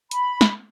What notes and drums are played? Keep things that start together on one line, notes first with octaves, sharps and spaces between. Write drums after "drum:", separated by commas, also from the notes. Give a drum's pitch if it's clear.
B5, drum: hi-hat
drum: snare